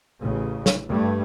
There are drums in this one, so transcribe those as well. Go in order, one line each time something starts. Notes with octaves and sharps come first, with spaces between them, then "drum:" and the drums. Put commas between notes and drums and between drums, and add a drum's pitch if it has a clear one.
A1 C#3
drum: snare
G2 A3